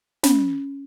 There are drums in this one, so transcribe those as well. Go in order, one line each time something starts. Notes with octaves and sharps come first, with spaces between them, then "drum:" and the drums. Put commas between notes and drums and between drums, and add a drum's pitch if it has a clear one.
C#4, drum: snare